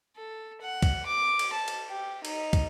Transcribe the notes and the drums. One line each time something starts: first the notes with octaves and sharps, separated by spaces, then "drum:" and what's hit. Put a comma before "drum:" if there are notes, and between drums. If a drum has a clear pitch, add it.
A4
F#5
drum: kick, cymbal
D6
drum: cymbal
A5
drum: cymbal
G4
D#4, drum: cymbal
drum: kick, cymbal